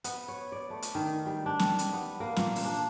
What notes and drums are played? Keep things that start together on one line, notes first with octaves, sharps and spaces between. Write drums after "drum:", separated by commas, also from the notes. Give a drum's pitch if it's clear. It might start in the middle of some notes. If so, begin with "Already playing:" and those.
B3, drum: hi-hat
C#5
D5
A3
drum: hi-hat
D#3
G3
D4
drum: snare
drum: hi-hat
B3
A#3
A#2, drum: snare
drum: open hi-hat
D4